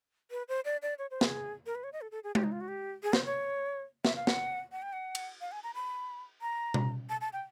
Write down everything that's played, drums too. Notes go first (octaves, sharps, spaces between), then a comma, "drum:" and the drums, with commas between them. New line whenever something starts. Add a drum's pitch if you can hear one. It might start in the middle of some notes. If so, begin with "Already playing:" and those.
B4
C5
D5
D5
C#5
C5
G#4, drum: snare
A#4
B4
C#5
D#5
A4
A4
G#4
G4, drum: tom G#3
D#4
F4
F#4
G4
G#4
C5, drum: snare
C#5
E5, drum: snare
F5
F#5, drum: snare
F#5
G5
F#5
drum: cymbal
F5
G#5
A#5
B5
A#5
drum: tom B2
A5
A5
G5